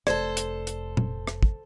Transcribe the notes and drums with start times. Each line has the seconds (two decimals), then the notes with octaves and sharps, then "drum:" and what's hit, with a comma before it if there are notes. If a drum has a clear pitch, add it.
0.07 F1 A4 C5 D5, drum: rim click
0.37 drum: hi-hat
0.67 drum: hi-hat
0.97 drum: tom A#2
1.27 drum: rim click
1.43 drum: kick